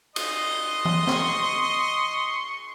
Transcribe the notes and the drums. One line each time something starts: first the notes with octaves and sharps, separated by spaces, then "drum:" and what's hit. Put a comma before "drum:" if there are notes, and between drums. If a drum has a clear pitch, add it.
D#5 C6, drum: cymbal
drum: tom E3
C#6, drum: snare